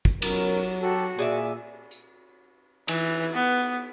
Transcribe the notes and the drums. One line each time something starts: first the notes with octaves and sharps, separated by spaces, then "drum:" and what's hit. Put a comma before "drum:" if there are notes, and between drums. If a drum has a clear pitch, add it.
drum: kick
B1 F#3 C#4 A#4, drum: cymbal
F#4 G4 A4
A#2 G#4 D5 E5
drum: tambourine
E3, drum: cymbal
B3